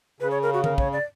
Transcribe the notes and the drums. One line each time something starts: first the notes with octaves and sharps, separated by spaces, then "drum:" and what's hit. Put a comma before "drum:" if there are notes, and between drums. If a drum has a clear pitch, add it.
C#3 B4
C#5
A#4
F#4
A#4, drum: tom D3
C#5, drum: kick
D5